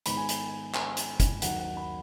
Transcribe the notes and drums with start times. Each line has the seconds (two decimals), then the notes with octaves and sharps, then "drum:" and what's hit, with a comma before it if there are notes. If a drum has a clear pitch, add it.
0.06 G#2 D#3 B3 D#4 B5, drum: hi-hat
0.17 G#5
0.29 B5, drum: hi-hat
0.74 G#5, drum: clap
0.97 drum: hi-hat
1.20 drum: kick, hi-hat
1.42 D#2 D#3 F#3 D#4 F#5, drum: hi-hat
1.59 F#5
1.77 B5